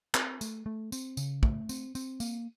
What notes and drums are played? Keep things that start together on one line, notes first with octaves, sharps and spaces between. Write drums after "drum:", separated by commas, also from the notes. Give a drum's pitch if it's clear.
C4, drum: clap
A3, drum: tambourine
A3
C4, drum: tambourine
C#3, drum: tambourine
A3, drum: kick
C4, drum: tambourine
C4, drum: tambourine
A#3, drum: tambourine